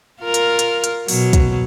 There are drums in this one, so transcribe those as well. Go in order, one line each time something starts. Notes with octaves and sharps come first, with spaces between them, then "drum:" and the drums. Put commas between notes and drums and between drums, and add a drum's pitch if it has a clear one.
F4 A#4
drum: hi-hat
drum: hi-hat
drum: hi-hat
B2 F#3, drum: open hi-hat
drum: kick, hi-hat